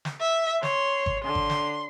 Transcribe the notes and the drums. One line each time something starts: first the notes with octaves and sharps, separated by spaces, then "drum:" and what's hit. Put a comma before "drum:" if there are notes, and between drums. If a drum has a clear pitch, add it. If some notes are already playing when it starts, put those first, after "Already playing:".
drum: snare
E5
C#5 C6, drum: snare
drum: kick G#1
D3 C6
drum: kick G#1
drum: snare